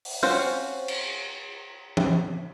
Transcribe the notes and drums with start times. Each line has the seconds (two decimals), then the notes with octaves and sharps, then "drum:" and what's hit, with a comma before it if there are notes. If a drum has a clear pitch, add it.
0.05 drum: open hi-hat
0.23 C4 C#4 F4 F#4 C5
0.88 drum: cymbal
1.97 drum: tom E3